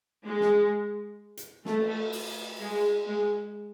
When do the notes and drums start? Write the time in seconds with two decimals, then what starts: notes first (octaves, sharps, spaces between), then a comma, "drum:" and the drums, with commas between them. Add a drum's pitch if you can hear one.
0.24 G#3
0.41 drum: snare
1.37 drum: hi-hat
1.65 A3, drum: snare
1.80 drum: cymbal
2.13 drum: open hi-hat
2.60 G#3
3.07 G#3